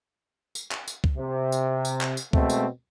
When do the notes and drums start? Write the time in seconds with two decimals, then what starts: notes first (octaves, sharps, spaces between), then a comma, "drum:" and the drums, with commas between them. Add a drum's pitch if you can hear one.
0.55 drum: tambourine
0.71 drum: clap
0.88 drum: tambourine
1.04 drum: kick C#2
1.17 C3
1.52 drum: tambourine
1.85 drum: tambourine
2.01 drum: clap
2.17 drum: tambourine
2.33 B2 G#3 A3 C4, drum: kick C#2
2.50 drum: tambourine